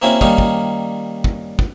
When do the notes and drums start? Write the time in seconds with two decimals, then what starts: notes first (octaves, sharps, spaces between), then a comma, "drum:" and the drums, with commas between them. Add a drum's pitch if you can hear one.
0.02 A#3 C4 C#4 E4 F#4
0.21 D#3 G3 A#3 C#4 D#4, drum: kick
0.38 drum: kick
1.24 drum: kick
1.59 drum: kick